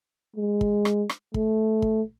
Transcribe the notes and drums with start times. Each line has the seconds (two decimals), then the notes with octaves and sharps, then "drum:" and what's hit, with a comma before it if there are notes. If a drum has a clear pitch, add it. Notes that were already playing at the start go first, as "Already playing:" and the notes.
0.36 G#3
0.61 drum: kick
0.85 drum: rim click
1.09 drum: rim click
1.34 A3, drum: kick
1.82 drum: kick